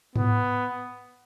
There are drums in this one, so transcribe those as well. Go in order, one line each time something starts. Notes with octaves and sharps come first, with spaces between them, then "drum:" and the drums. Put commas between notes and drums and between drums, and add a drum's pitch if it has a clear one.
B3, drum: tom G#2